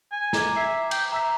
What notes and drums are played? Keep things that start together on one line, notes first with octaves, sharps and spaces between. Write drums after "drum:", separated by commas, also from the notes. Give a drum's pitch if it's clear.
G#5
A#5 D6 G#6, drum: snare
E5 C7
G5, drum: cymbal
E5 A#5 E6 B6